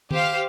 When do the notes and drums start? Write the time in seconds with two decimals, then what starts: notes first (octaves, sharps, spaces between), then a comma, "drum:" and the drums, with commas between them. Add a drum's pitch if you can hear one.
0.11 G4 C5 F5, drum: tom D#3